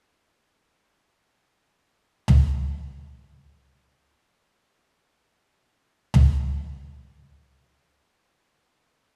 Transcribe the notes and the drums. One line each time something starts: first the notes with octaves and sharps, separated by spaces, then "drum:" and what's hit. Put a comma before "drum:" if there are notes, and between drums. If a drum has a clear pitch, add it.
C3 D#3 F3 G3 B5
G#3
drum: tom C#2
F4 A#4 F5 A5
G3 B3 A#4
drum: tom C#2
C4
B4
D5
F4
A3
C7
D#4
C#6
F6
G1